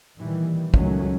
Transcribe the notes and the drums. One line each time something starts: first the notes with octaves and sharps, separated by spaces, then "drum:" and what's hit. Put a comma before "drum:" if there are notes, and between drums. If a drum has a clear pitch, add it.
A#2 D#3 E3 G3
C#2 D#3 F#3 A3 C#4, drum: kick